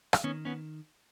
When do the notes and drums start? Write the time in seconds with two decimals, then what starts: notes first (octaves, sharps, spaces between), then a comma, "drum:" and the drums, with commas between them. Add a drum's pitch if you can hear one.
0.13 drum: rim click
0.23 D#3 B3 C#4
0.45 B3 C#4